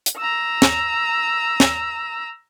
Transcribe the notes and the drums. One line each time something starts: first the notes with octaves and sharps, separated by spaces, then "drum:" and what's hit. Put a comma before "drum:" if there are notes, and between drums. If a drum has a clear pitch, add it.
drum: hi-hat
A#5 E6
drum: snare
drum: snare